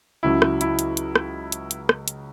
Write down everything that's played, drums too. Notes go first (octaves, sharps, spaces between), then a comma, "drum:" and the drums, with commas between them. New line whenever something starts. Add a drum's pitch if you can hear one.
C#2 C#3 F#3 E4
drum: rim click
E4, drum: hi-hat
drum: hi-hat
drum: hi-hat
drum: rim click
drum: hi-hat
drum: hi-hat
drum: rim click
drum: hi-hat